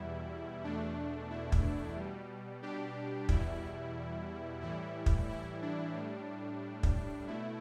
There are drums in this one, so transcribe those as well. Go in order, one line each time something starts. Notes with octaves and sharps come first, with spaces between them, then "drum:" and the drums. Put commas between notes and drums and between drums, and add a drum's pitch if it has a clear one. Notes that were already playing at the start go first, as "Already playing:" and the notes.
Already playing: E2 B2 G3 E4
E2 B2 A3 D4
E4
drum: kick
B2 G3
D4 G4
E2 B2 G3 E4, drum: kick
A2 E3 G3 E4
drum: kick
E4
D4
A2 G3
drum: kick
B2 A3 E4